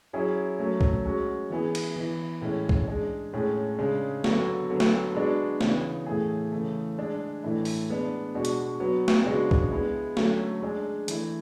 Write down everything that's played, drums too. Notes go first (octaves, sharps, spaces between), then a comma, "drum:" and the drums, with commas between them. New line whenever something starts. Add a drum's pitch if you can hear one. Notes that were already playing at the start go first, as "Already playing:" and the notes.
F#3 C#4 E4 G#4
F#3 A3 C#4
drum: kick B1
G#3 C#4 F#4
E3 B3 E4 G#4
drum: cymbal
E3 B3 E4
A2 E3 G#3 C#4 E4
drum: kick B1
G#3 D4 G#4
A2 G#3 C#4 G#4
C#3 G#3 D4
D3 F#3 B3 F#4, drum: snare A3
D3 F#3 B3
drum: snare A3
G#3 B3 D4 F#4
C#3 E3 B3, drum: snare A3
A2 E3 A3 E4 G#4
C#3 E3 A3
G#3 D4 G#4
A2 E3 A3 E4
drum: open hi-hat
G#3 B3 D4
B2 G#3 D4 F#4
drum: hi-hat
F#3 B3 F#4
drum: snare A3
C#3 G#3 B3 D4 F#4
drum: kick B1
G#3 B3 E4
D3 F#3 A3 C#4, drum: snare A3
G#3 D4 G#4
E3 A3 E4, drum: hi-hat